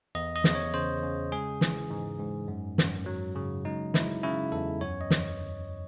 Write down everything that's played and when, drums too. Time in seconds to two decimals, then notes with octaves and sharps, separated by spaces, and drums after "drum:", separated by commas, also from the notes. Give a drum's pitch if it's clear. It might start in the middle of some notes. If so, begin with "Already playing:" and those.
0.15 E2 D#5
0.36 D#5
0.44 E2, drum: snare
0.55 C#5
0.74 C#3 C5
1.03 C#3
1.32 G#3 G#4
1.61 E3, drum: snare
1.90 G#2
2.20 G#2
2.48 F#2
2.78 F#2, drum: snare
3.06 F#3
3.35 C#3
3.65 G#3 D#4
3.94 G#3 E4, drum: snare
4.23 C#3 E4
4.52 E2 A4
4.81 F#2 C#5
5.01 D#5
5.10 drum: snare